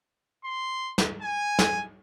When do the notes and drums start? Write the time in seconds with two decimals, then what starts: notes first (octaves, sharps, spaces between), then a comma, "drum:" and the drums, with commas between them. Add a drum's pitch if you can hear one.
0.44 C6
0.98 drum: snare
1.22 G#5
1.59 drum: snare